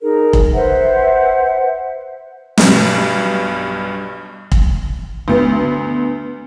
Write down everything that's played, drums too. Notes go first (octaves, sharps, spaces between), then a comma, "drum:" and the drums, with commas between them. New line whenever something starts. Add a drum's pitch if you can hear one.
D#4 G#4 A#4
drum: kick
B4 C5 E5 F#5
B1 G2 B2, drum: snare
drum: kick
D2 B3